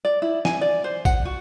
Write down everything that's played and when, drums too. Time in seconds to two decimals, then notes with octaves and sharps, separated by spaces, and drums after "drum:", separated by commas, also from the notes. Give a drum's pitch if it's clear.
0.05 D5
0.22 E4
0.45 G#5, drum: snare
0.61 D5
0.84 C5
1.05 F#5, drum: kick A1, tambourine
1.25 F#4